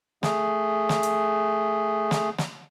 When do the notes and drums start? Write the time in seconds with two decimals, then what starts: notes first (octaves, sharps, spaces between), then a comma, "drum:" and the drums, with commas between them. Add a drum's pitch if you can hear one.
0.23 A3 G#4, drum: snare
0.89 drum: snare
1.03 drum: hi-hat
2.11 drum: snare
2.38 drum: snare